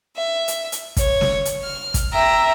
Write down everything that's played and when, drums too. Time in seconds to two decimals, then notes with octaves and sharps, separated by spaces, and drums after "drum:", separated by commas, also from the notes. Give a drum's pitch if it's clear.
0.16 E5
0.48 drum: hi-hat
0.72 drum: hi-hat
0.97 C#5, drum: kick, hi-hat
1.21 drum: snare
1.45 drum: hi-hat
1.62 F6
1.94 drum: kick, hi-hat
2.11 E5 G5 A#5